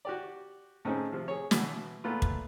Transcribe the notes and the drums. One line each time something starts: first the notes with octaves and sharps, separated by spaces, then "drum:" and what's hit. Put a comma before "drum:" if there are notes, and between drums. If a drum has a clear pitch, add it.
F#4 G4 D5
A2 C4 C#4 D#4 G#4
C3 F3
G#4 C#5
B2 E3, drum: snare
A#2 A3 B3 F4
drum: kick